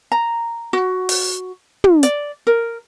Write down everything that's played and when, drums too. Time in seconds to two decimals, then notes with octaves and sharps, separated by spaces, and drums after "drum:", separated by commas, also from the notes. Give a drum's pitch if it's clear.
0.12 A#5
0.73 F#4
1.09 drum: open hi-hat
1.84 drum: tom
2.03 D5, drum: hi-hat
2.47 A#4